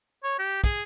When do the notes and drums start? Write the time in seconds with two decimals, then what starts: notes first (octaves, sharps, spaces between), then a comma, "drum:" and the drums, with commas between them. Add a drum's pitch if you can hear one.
0.24 C#5
0.39 G4
0.64 G#4, drum: kick, hi-hat